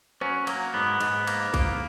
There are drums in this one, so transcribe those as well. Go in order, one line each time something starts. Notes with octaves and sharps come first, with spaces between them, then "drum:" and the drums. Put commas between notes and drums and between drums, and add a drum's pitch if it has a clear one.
F#3 C#4, drum: rim click
F#3 A#3, drum: cymbal
G#2 B3
G#2, drum: cymbal
A#3, drum: cymbal
A#3, drum: kick A#1, cymbal